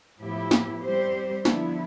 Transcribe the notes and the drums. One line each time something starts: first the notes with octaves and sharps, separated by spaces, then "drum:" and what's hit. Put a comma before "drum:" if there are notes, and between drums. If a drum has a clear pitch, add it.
A2 F3 B3 E4 G4
drum: snare
G3 C4 G4 C5
D3 F3 B3 E4, drum: snare